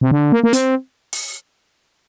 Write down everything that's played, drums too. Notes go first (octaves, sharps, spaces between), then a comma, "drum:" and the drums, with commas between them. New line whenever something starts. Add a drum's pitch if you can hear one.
C3
D3
A#3
A#3
C4, drum: hi-hat
drum: open hi-hat